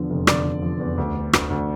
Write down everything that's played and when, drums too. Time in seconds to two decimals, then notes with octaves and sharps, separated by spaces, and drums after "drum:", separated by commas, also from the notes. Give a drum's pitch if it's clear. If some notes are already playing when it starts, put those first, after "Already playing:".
Already playing: E2 D3 F3
0.10 F1
0.27 D3 D5, drum: rim click
0.46 F1
0.62 F3
0.80 E2
0.98 D2
1.15 D3
1.33 D2, drum: rim click
1.50 D2